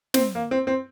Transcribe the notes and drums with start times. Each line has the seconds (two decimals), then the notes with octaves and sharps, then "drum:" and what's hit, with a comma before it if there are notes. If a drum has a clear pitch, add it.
0.14 C4, drum: snare
0.35 A#3
0.51 C4
0.67 C4